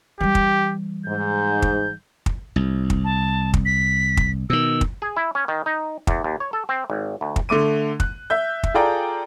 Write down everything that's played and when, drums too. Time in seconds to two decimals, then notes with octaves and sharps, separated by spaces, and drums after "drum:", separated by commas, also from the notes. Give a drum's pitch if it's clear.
0.21 E3 G3 G4
0.35 drum: kick
1.06 G#2 G6
1.62 drum: kick
2.26 drum: kick
2.56 C2
2.90 drum: kick
3.04 A5
3.54 drum: kick
3.65 B6
4.17 drum: kick
4.50 B2 D#3 E6
4.81 drum: kick
5.02 G#4
5.17 E4
5.35 C#4
5.48 D#3
5.66 D#4
6.07 E2, drum: kick
6.24 D#2
6.40 C#5
6.53 A4
6.69 C4
6.90 G#1
7.21 D2
7.36 drum: kick
7.49 D3 A3 D6 D#7
8.00 F#6, drum: kick
8.30 E5 G6
8.63 drum: kick
8.74 F4 G#4 A4 D5 G5 A#5